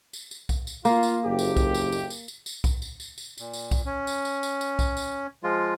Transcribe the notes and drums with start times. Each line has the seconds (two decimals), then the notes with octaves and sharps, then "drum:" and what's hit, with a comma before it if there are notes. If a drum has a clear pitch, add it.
0.13 drum: tambourine
0.31 drum: tambourine
0.49 drum: kick B1, tambourine
0.67 drum: tambourine
0.85 A#3 F4, drum: tambourine
1.03 drum: tambourine
1.24 F#1 F2 G4
1.39 drum: tambourine
1.57 drum: kick B1, tambourine
1.74 drum: tambourine
1.92 drum: tambourine
2.10 drum: tambourine
2.28 drum: tambourine
2.46 drum: tambourine
2.64 drum: kick B1, tambourine
2.82 drum: tambourine
3.00 drum: tambourine
3.18 drum: tambourine
3.38 A#2, drum: tambourine
3.53 drum: tambourine
3.71 drum: kick B1, tambourine
3.86 C#4
4.07 drum: tambourine
4.25 drum: tambourine
4.43 drum: tambourine
4.61 drum: tambourine
4.79 drum: kick B1, tambourine
4.97 drum: tambourine
5.43 F3 G#3 F4